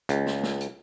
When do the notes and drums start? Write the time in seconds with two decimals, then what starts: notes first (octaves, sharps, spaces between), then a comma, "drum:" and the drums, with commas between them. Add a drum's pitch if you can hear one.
0.09 C#2, drum: hi-hat
0.26 drum: snare
0.43 drum: snare
0.60 drum: hi-hat